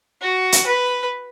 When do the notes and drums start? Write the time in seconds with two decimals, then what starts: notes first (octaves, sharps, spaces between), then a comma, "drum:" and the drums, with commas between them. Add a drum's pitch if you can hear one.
0.21 F#4
0.52 drum: hi-hat
0.66 B4